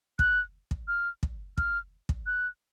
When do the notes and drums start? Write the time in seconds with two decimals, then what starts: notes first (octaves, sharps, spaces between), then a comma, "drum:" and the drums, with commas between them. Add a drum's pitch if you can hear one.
0.19 F#6, drum: kick
0.71 drum: kick
0.88 F6
1.23 drum: kick
1.58 F6, drum: kick
2.09 drum: kick
2.26 F#6